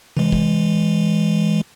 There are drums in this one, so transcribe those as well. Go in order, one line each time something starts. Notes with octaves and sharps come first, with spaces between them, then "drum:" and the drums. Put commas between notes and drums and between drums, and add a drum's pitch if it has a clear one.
E3 G#3, drum: tom C3
drum: kick